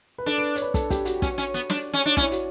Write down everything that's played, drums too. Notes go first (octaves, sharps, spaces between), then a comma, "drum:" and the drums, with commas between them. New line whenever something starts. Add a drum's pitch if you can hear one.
B4
D4 A4, drum: hi-hat
B4
C#5, drum: hi-hat
B4
A4, drum: kick, hi-hat
G4, drum: kick, hi-hat
F#4, drum: hi-hat
C#4, drum: kick, hi-hat
C#4, drum: hi-hat
B3, drum: hi-hat
D4, drum: snare
C#4
D4
C#4 E4, drum: kick, hi-hat
F#4, drum: hi-hat